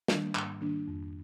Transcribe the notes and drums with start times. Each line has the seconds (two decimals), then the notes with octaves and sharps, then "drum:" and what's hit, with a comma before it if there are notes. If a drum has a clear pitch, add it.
0.08 D#3 G3 A#3 D4, drum: snare
0.35 G#2, drum: clap
0.61 D#3 G3 A#3 D4
0.88 F2